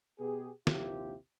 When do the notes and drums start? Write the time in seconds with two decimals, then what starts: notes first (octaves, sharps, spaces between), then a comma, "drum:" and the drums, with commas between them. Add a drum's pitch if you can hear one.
0.19 B2 B3 G4 G#4
0.67 A#1 D#2 C3 E4 F4 G4, drum: snare